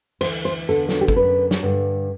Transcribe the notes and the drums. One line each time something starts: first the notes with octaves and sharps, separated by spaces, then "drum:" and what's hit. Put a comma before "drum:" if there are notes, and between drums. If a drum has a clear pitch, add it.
D2 C3 E3 C5, drum: cymbal
C5
E2 D3 A4
drum: snare
G4
A4, drum: kick
F#2 D3 B4
drum: snare
G2 D3